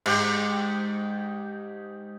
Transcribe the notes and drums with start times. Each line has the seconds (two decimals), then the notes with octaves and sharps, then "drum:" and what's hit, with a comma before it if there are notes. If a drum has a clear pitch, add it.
0.06 G#2 G4, drum: cymbal